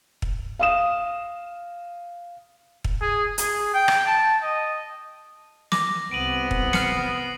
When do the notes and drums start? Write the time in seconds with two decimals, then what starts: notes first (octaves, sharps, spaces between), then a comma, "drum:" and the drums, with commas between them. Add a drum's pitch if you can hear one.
0.22 drum: kick
0.59 F5 D#6 E7
2.84 drum: kick
3.01 G#4
3.38 G#4, drum: hi-hat
3.74 G5
3.88 drum: rim click
4.06 A5
4.43 D#5
5.72 D6 A#6, drum: snare
6.11 C2 B3 C4 D7 D#7 F#7
6.51 drum: kick
6.73 F6 C7 C#7, drum: snare